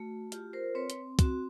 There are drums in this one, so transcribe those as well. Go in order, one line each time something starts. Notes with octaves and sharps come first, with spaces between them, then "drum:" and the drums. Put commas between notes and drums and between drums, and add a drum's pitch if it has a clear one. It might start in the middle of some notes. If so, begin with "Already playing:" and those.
Already playing: A3 F#4
F4 G4, drum: hi-hat
A#4 C5
C4 B4 C#5
drum: hi-hat
C4 F#4, drum: kick, hi-hat